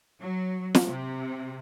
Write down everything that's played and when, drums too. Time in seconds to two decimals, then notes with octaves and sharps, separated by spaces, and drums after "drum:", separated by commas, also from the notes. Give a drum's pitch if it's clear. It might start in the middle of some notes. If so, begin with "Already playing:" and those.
0.20 F#3
0.75 drum: snare
0.85 C3